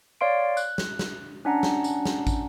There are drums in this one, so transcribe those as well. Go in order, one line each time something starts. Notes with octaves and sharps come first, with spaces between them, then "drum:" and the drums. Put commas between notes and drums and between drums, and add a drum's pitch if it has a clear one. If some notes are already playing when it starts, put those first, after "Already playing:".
C#5 D5 F5 C6 D7
F#6, drum: tambourine
drum: snare
drum: snare
C#4 D4 F#5 A#5
drum: snare
drum: tambourine
drum: snare
drum: kick, tambourine